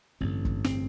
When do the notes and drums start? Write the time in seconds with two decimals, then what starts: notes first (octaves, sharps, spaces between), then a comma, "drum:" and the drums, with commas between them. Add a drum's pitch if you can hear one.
0.21 A1 G2 D3 C4
0.45 drum: kick
0.64 C4, drum: snare